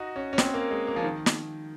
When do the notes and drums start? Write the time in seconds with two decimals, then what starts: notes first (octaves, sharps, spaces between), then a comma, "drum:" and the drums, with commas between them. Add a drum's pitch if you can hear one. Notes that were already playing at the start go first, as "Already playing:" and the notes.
Already playing: D#4 F#4
0.16 C#4
0.33 C#4
0.38 C4, drum: snare
0.54 A#3
0.71 G#3
0.87 A#3
0.96 F3
1.04 D#3
1.26 drum: snare